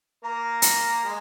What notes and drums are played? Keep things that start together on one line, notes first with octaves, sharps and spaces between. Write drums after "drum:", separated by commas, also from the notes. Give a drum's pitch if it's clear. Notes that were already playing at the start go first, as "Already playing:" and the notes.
A#3 A#4
drum: hi-hat
G#3